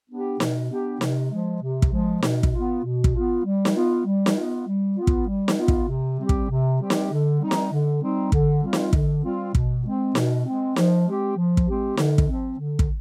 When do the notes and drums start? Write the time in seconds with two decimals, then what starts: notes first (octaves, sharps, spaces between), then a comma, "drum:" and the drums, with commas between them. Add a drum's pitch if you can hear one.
0.10 B3 D4 G4
0.40 B2, drum: snare
0.70 B3 D4 G4
1.01 C3, drum: snare
1.31 F3 G#3
1.62 C3
1.82 drum: kick
1.92 F3 G#3
2.22 B2, drum: snare
2.43 drum: kick
2.54 B3 F4
2.84 B2
3.04 drum: kick
3.14 B3 F4
3.45 G3
3.65 drum: snare
3.75 B3 F4
4.05 G3
4.26 drum: snare
4.37 B3 F4
4.66 G3
4.98 B3 F4
5.07 drum: kick
5.27 G3
5.48 drum: snare
5.58 B3 F4
5.68 drum: kick
5.89 C3
6.19 G3 C4 G4
6.29 drum: kick
6.49 C3
6.80 G3 C4 G4
6.90 drum: snare
7.11 D3
7.40 G3 C4 D#4
7.51 drum: snare
7.71 D3
8.02 G3 C4 D#4
8.32 D3, drum: kick
8.63 G3 C4 F4
8.73 drum: snare
8.93 D3, drum: kick
9.24 G3 C4 F4
9.55 B2, drum: kick
9.84 G#3 C4
10.15 B2, drum: snare
10.45 G#3 C4
10.76 F3, drum: snare
11.07 G#3 C4 G4
11.37 F3
11.57 drum: kick
11.68 G#3 C4 G4
11.97 D3, drum: snare
12.18 drum: kick
12.29 F3 C4
12.59 D3
12.79 drum: kick